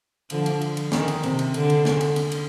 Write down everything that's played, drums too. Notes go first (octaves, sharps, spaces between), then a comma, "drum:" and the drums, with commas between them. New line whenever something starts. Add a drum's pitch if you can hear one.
D3 F3, drum: cymbal
drum: cymbal
drum: cymbal
drum: cymbal
D#3, drum: snare
drum: cymbal
C3, drum: cymbal
drum: cymbal
D3, drum: cymbal
drum: cymbal
drum: snare
drum: cymbal
drum: cymbal
drum: cymbal